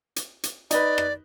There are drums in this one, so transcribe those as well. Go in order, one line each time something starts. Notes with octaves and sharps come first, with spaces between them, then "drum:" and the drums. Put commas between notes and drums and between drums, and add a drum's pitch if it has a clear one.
drum: hi-hat
drum: hi-hat
D#4 B4 D5, drum: hi-hat
drum: rim click